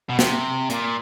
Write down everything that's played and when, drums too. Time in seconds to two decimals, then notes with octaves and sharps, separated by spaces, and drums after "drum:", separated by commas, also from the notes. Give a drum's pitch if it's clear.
0.09 B2
0.19 C3, drum: snare
0.70 A#2, drum: hi-hat